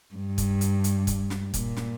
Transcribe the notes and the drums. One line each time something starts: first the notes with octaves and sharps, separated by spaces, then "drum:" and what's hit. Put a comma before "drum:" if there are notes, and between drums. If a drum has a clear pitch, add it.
G2
drum: kick, hi-hat
drum: hi-hat
drum: hi-hat
drum: kick, hi-hat
drum: snare
A#2, drum: kick, hi-hat
drum: snare